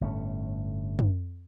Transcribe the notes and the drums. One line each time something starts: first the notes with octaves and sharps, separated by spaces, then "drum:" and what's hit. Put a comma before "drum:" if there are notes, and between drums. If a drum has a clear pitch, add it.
G1 A2 A3 C#4
drum: tom